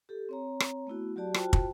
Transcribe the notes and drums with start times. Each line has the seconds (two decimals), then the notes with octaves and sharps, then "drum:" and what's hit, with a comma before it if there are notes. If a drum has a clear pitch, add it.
0.09 G4 A4
0.29 C4 C#5 A#5
0.60 drum: rim click
0.87 A3 B3 E4 F#4
1.16 F#3 F#4 G4 D5 A5
1.34 F4 F#4 C5 G5 A5, drum: rim click
1.53 drum: kick